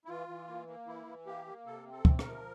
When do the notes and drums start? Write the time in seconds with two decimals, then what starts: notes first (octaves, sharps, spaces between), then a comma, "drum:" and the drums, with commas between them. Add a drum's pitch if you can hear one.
0.05 E4
0.09 E3 F4
0.28 E3
0.48 A#3
0.67 A#3
0.87 E3 E4
1.06 E3
1.26 A#3 G4
1.46 A#3
1.66 C3 A4
1.86 C4
1.92 A4
2.05 C3, drum: kick
2.19 A#4, drum: rim click
2.25 F3